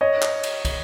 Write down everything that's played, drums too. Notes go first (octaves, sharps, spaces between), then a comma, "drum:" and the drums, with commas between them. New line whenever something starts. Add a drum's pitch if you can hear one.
C#5 D#5
drum: clap
drum: cymbal
drum: kick, cymbal